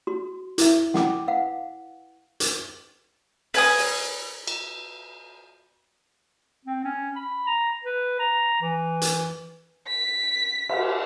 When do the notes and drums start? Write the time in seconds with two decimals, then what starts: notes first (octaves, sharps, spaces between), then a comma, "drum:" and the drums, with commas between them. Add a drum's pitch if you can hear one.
0.07 F#4 C6
0.58 E4 E5, drum: hi-hat
0.94 F#5 G5 D6, drum: snare
1.28 B4 F5 F#5
2.40 drum: hi-hat
3.54 B4 G#5 D#6, drum: open hi-hat
3.79 drum: open hi-hat
4.47 drum: cymbal
6.65 C4
6.84 C#4
7.16 B5
7.47 A#5
7.84 B4
8.19 A#5
8.61 E3
9.02 drum: hi-hat
9.88 B6
10.69 drum: cymbal